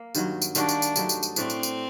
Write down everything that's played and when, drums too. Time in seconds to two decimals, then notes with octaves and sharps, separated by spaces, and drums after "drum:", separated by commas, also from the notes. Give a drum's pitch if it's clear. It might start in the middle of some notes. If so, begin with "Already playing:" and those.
Already playing: A#3
0.15 G2 D#3 F#3, drum: tambourine
0.42 drum: tambourine
0.55 D#3 G3 A#3 D4 F#4, drum: tambourine
0.69 drum: tambourine
0.82 drum: tambourine
0.96 G2 F#3 A3 D#4, drum: tambourine
1.09 drum: tambourine
1.23 drum: tambourine
1.36 A2 A3 C4 D4, drum: tambourine
1.50 drum: tambourine
1.63 drum: tambourine